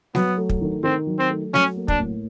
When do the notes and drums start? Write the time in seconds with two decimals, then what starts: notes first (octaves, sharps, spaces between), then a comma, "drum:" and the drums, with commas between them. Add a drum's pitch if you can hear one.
0.15 F#3 B3, drum: snare G3
0.37 A3
0.49 drum: kick
0.61 D#3
0.83 D#3 C4
1.07 F#3
1.19 C4
1.30 A3
1.54 F#3 C#4, drum: snare G3
1.76 A#3
1.88 D4, drum: kick
1.99 A2